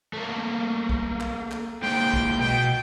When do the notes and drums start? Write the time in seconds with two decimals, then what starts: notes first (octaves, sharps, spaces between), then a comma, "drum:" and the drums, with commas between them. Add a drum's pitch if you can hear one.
0.13 A3 A#3
0.89 drum: kick B1
1.20 drum: clap
1.51 drum: clap
1.82 A#2 G#3 G5
2.13 drum: kick B1
2.39 B2 G5